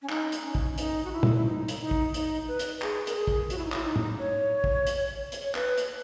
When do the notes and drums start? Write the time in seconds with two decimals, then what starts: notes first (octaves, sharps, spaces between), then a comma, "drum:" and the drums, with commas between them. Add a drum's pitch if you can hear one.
0.02 C#4
0.09 D#4, drum: clap
0.32 drum: hi-hat
0.44 C#4
0.55 drum: kick
0.78 D#4, drum: hi-hat
1.05 F#4
1.12 E4
1.23 drum: tom
1.35 E4
1.45 D#4
1.68 drum: hi-hat
1.79 D#4
1.91 drum: kick
2.14 D#4, drum: hi-hat
2.48 B4
2.59 drum: hi-hat
2.82 G#4, drum: clap
3.07 A#4, drum: hi-hat
3.16 G#4
3.28 drum: kick
3.50 F#4, drum: hi-hat
3.58 E4
3.65 D#4
3.72 E4, drum: clap
3.85 D#4
3.96 drum: tom
4.19 C#5
4.64 drum: kick
4.87 drum: hi-hat
5.32 drum: hi-hat
5.43 C#5
5.55 B4, drum: clap
5.77 drum: hi-hat